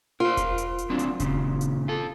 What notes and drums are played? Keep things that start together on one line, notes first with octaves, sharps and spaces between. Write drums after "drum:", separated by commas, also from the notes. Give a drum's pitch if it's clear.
F4 A#4 C5
drum: kick E1, hi-hat
drum: hi-hat
drum: hi-hat
F#3 C4 D4
drum: hi-hat
A#2 C#3, drum: kick E1, hi-hat
drum: hi-hat
F4 A4